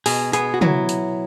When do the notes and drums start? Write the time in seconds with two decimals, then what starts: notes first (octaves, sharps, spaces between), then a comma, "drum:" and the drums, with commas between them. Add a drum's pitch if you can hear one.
0.06 B2 G#4, drum: open hi-hat
0.33 B3 G#4, drum: hi-hat
0.54 F#4
0.61 F#3 E4, drum: tom
0.89 drum: hi-hat